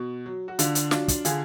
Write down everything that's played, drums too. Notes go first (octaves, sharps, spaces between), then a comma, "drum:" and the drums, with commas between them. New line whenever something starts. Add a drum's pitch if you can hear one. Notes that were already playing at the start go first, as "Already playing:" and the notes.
Already playing: B2
F#3
F#4
D3 D4 F4, drum: hi-hat
drum: hi-hat
F#3 D4 F4, drum: snare
drum: kick, hi-hat
D3 F4 G#4, drum: hi-hat